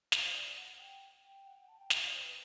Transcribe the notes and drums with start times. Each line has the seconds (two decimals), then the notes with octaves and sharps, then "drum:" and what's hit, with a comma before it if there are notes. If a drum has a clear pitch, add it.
0.12 E5, drum: snare
0.23 C5
0.33 D5
0.57 F#5
0.79 G5
1.23 G5
1.47 F#5
1.57 G5
1.68 A5
1.80 G5
1.90 E5, drum: snare
2.02 D5
2.13 C5
2.24 B4